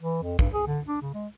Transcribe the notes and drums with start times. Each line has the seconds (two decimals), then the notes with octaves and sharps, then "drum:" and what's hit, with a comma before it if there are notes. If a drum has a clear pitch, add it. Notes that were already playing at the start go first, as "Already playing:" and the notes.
0.02 E3
0.23 F2
0.39 G2, drum: kick
0.54 G#4
0.67 D3
0.87 D4
1.02 C#3
1.14 G#3